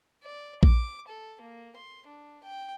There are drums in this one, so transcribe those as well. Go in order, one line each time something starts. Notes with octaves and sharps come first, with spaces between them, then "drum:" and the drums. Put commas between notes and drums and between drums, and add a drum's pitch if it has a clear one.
D5
D6, drum: kick A#1
A4
A#3
C6
D4
G5